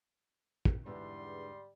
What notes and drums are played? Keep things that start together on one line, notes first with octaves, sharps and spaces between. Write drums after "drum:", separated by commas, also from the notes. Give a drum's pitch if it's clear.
drum: kick
E2 G#2 D3 G3 D4 C6